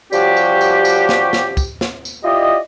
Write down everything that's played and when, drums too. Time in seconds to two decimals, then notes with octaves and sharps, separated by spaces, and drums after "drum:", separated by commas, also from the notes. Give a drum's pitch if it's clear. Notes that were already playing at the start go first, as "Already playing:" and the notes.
0.13 F3 G3 C#4 F#4 G4, drum: tambourine
0.37 drum: tambourine
0.61 drum: tambourine
0.85 drum: tambourine
1.09 drum: snare
1.33 drum: snare
1.57 drum: kick, tambourine
1.81 drum: snare
2.05 drum: tambourine
2.24 E4 F4 G4 D5 D#5